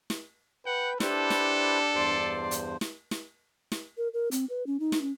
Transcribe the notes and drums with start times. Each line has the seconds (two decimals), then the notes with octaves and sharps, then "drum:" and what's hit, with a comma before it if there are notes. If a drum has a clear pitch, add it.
0.10 drum: snare
0.66 B4 F#5 G5 G6
1.00 D4 E4 G4 A4 B4 C5, drum: snare
1.30 drum: snare
1.95 E2 G2 C5 D5 C6
2.51 drum: hi-hat
2.81 drum: snare
3.11 drum: snare
3.72 drum: snare
3.97 A#4
4.13 A#4
4.31 C4, drum: hi-hat
4.50 B4
4.67 C#4
4.80 D#4
4.92 drum: snare
5.02 C#4